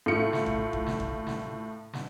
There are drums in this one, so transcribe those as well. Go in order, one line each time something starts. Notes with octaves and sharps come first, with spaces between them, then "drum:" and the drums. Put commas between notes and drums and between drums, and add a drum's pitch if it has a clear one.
A2 F4 C#7
drum: snare
drum: kick G#1
drum: kick G#1
drum: snare
drum: kick G#1
drum: snare
drum: snare